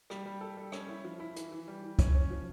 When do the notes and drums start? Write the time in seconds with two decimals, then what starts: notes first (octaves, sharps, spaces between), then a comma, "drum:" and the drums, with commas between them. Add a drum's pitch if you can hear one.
0.10 G3, drum: rim click
0.26 G3
0.41 A4
0.57 G3
0.72 C#4, drum: rim click
0.89 E4
1.04 F3
1.20 E4
1.36 E3, drum: hi-hat
1.52 E3
1.68 G3
1.83 E3
1.99 C#4, drum: kick, hi-hat
2.14 C#4
2.31 F3